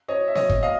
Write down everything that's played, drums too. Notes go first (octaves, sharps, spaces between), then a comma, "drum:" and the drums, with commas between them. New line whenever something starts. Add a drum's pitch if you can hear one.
C#5 D#5
E5
C#5 D#5, drum: snare B3
drum: kick
D#5 F5